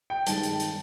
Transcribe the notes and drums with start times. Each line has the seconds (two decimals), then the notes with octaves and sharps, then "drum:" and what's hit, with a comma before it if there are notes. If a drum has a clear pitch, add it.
0.10 G5
0.26 G2 D#3 G#3 A5, drum: hi-hat
0.43 drum: hi-hat
0.60 drum: hi-hat